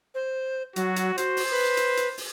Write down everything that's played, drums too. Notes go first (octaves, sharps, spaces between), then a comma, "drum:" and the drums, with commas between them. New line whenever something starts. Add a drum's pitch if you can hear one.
C5
F#3 F#4, drum: hi-hat
drum: hi-hat
F#4 C5, drum: hi-hat
drum: open hi-hat
B4
drum: hi-hat
drum: hi-hat
drum: open hi-hat